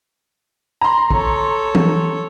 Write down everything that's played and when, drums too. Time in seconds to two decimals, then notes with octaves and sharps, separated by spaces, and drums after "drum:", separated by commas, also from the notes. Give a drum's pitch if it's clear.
0.81 A#5 C6
1.11 A4 C#5, drum: kick
1.75 drum: tom E3